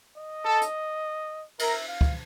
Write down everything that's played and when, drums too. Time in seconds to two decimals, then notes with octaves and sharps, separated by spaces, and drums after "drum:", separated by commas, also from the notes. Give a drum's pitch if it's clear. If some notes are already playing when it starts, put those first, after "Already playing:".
0.17 D#5
0.45 A4
0.61 drum: hi-hat
1.59 A#4 E5, drum: cymbal
1.88 F5
2.01 drum: kick